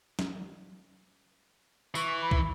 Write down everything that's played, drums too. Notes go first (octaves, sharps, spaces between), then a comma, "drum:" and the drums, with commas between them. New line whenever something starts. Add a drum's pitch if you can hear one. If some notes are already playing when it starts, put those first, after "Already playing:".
drum: snare
E3 C#6, drum: tambourine
B5
drum: kick